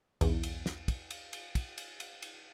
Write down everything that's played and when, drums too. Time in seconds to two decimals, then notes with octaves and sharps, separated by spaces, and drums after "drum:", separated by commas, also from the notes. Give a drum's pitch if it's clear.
0.21 B1 E2, drum: cymbal
0.43 drum: cymbal
0.66 drum: snare
0.88 drum: kick, cymbal
1.11 drum: cymbal
1.33 drum: cymbal
1.55 drum: kick, cymbal
1.78 drum: cymbal
2.00 drum: cymbal
2.22 drum: cymbal